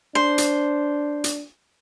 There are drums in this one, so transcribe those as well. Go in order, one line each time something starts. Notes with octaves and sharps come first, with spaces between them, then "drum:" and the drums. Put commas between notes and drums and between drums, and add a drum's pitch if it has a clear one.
D4 C5
drum: hi-hat
drum: hi-hat